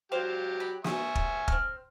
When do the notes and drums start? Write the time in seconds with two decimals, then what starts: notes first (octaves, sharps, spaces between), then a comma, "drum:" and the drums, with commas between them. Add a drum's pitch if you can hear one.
0.12 F#3 G4 C5 D5 F5
0.60 B5
0.84 E5 G#5 C#6 D#6, drum: snare
1.15 drum: kick
1.48 C4 F6, drum: kick